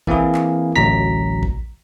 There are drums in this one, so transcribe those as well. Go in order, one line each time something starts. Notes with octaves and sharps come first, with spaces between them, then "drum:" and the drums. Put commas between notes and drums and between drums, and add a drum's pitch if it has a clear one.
E3 A#3 C4 E4 G#4, drum: kick A1
drum: clap
A1 D2 F#3 A#5 B6
drum: kick A1